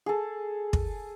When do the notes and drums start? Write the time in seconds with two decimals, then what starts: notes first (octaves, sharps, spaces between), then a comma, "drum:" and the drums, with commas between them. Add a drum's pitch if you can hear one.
0.06 G#4 A4
0.73 drum: kick